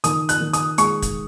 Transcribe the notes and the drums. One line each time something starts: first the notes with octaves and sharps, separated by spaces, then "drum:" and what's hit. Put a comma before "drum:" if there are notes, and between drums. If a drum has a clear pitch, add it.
D#3 D#6, drum: hi-hat
F#6, drum: hi-hat
D#3
D#6, drum: hi-hat
G#3 C#6, drum: hi-hat
drum: kick, hi-hat